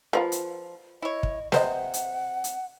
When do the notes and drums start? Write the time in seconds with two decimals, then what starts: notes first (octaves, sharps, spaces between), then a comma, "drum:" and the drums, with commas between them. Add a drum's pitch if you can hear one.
0.13 F3 F4 A#4 B4
0.32 drum: hi-hat
1.02 E4 C#5 D#5
1.23 drum: kick
1.52 C3 B4 C5 D#5 F#5, drum: snare
1.94 drum: hi-hat
2.44 drum: hi-hat